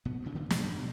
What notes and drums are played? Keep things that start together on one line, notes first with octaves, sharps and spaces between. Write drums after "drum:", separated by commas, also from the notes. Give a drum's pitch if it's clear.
F1 B2 B3
G2 A#2 C#3
A2 D3 E3 A3
E2 B2 D3 F3, drum: snare
F#2
B2 G3